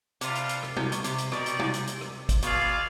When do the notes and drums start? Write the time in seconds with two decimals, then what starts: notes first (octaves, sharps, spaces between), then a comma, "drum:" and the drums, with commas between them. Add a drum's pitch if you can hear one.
0.21 C3 G3 D4 F4, drum: hi-hat
0.35 drum: hi-hat
0.49 drum: hi-hat
0.63 drum: rim click
0.77 C3, drum: tom
0.92 B2, drum: hi-hat
1.04 C3, drum: hi-hat
1.18 drum: hi-hat
1.32 B2 D#4 G4 D5, drum: rim click
1.46 drum: hi-hat
1.60 C3, drum: tom
1.74 drum: hi-hat
1.87 drum: hi-hat
2.01 drum: rim click
2.29 drum: kick, hi-hat
2.42 B2 F4 G#4 D5 F5, drum: hi-hat
2.62 B2